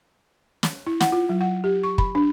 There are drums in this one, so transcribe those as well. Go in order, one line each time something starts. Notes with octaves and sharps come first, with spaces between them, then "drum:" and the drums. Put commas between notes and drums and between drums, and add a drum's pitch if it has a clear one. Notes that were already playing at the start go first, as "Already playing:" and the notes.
drum: snare
E4
F#5, drum: snare
F4
F#3
F#5
G4
C#6
B5, drum: kick
D4